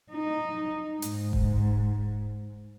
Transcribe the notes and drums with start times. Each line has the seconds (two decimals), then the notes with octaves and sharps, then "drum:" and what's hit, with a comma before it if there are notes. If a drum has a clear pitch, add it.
0.12 D#4
1.02 G#2, drum: hi-hat
1.33 drum: kick E1